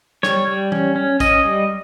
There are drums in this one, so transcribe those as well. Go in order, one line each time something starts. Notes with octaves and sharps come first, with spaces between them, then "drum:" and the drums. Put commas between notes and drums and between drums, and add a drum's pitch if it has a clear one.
G3 C#5, drum: snare
G3
C#4, drum: tom
C#4
C#4 D#5, drum: kick, tambourine
G3